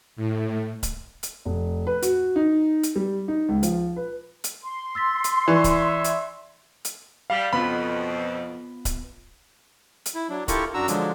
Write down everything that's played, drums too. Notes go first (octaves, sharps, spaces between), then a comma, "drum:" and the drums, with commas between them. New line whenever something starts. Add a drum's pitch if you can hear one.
A2
drum: kick C#1, hi-hat
drum: hi-hat
F1
B4
F#4, drum: hi-hat
D#4
drum: hi-hat
G3
D#4
C#2
F3, drum: hi-hat
B4
drum: hi-hat
C6
E6 A6 B6
drum: hi-hat
E3 D5 E5 B5 C#6
drum: kick C#1, hi-hat
drum: hi-hat
drum: hi-hat
G3 F5
F2 B2 B3 F4 B5
drum: kick C#1, hi-hat
drum: hi-hat
E4
F#3 D4
E4 F4 G4 A4 A#4 C#6, drum: kick C#1, hi-hat
F#2 D4 F#4 A#5 E6
D3 F3 F#3 G#3 D4, drum: hi-hat